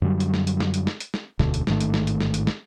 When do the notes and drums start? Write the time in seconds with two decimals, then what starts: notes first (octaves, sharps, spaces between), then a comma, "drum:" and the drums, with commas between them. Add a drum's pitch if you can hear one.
0.02 F#2 D3 F#3 G3
0.20 drum: hi-hat
0.34 drum: snare
0.47 drum: hi-hat
0.60 drum: snare
0.74 drum: hi-hat
0.87 drum: snare
1.00 drum: hi-hat
1.14 drum: snare
1.39 E1 D2 B2 D3, drum: snare
1.54 drum: hi-hat
1.67 A1 G#2 D#3 A3, drum: snare
1.80 drum: hi-hat
1.94 drum: snare
2.07 drum: hi-hat
2.21 drum: snare
2.34 drum: hi-hat
2.47 drum: snare